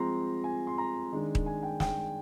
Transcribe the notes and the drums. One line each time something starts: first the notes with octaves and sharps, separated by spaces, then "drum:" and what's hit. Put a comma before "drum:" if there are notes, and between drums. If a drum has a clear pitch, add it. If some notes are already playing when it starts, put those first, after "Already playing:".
Already playing: F3 G#3 C4 A#5 C6
G#5
C6
A#5
D#3 G#3 D4
drum: kick D#1
G#5
G5
G5, drum: snare